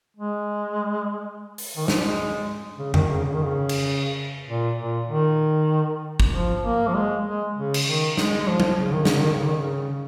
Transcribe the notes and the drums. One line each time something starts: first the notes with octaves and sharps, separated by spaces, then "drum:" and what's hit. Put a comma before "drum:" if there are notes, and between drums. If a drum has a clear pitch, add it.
G#3
drum: open hi-hat
D#3
F3, drum: snare
G#3
C#3
D#3, drum: tom F2
C#3
C#3
D#3
C#3
drum: cymbal
A#2
A#2
D#3
drum: kick
F3
A#3
F3
G#3
G#3
C#3
drum: cymbal
D#3
G#3, drum: snare
G#3
F3
drum: tom F#3
C#3
D#3
C#3, drum: snare
D#3
C#3
D#3
C#3